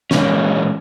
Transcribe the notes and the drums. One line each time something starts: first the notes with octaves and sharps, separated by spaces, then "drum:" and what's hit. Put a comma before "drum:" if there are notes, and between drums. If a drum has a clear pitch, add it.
A#2 E3 G#3 C#4, drum: snare